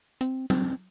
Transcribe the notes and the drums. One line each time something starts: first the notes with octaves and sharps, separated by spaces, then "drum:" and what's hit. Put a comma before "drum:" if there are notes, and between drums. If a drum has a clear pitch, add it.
C4, drum: hi-hat
C4, drum: tom F#3